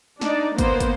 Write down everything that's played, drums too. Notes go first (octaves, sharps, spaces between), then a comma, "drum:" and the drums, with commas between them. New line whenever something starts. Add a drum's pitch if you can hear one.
D4 D#4 D5, drum: snare
A#3 B3 C5, drum: kick, hi-hat
drum: kick, hi-hat